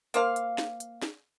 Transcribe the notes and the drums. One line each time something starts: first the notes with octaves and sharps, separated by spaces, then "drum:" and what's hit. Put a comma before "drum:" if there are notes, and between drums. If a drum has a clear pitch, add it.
A#3 C5 F5, drum: hi-hat
drum: hi-hat
drum: snare
drum: hi-hat
drum: snare